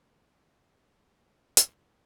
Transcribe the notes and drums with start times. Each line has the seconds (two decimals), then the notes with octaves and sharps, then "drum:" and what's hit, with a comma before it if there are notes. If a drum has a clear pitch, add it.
0.22 F3 C#4
0.49 A#2
0.64 E4
0.78 A#2
1.57 drum: hi-hat